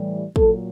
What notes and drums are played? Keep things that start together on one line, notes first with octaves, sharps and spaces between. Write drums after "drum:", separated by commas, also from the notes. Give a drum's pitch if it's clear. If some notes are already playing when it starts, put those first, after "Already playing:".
Already playing: A2 E3 G3
A#2 F#3 A4, drum: kick